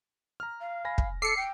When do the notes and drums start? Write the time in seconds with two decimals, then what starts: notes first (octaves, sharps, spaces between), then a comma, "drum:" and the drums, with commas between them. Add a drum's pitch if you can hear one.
0.40 A#5 F6
0.61 F5
0.85 G#5 B5 A#6
0.98 drum: kick
1.22 A4 D6 E6 C7 C#7
1.37 G5